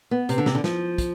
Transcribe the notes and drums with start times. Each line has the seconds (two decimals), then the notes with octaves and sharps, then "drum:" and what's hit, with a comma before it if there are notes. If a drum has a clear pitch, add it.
0.11 B3
0.29 C3, drum: hi-hat
0.38 D3
0.46 C3, drum: snare
0.55 D3
0.64 F3, drum: snare
0.98 drum: kick, hi-hat